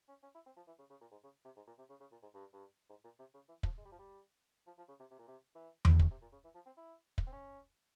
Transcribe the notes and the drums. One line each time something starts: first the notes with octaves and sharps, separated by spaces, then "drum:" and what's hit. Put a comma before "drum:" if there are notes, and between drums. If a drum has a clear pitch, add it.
C#4
C#4
E4
C4
F3
E3
C#3
C#3
A#2
G#2
C#3
C3
G#2
A#2
C3
C#3
C#3
A#2
G#2
G2
G2
G#2
A#2
C3
C#3
E3
F3, drum: kick
G#3
G3
F3
G3
F3
F3
C#3
C3
C3
A#2
C3
E3
drum: tom E2
C#3, drum: kick
C3
A#2
C#3
E3
F3
C4
E4
drum: kick
C4
C#4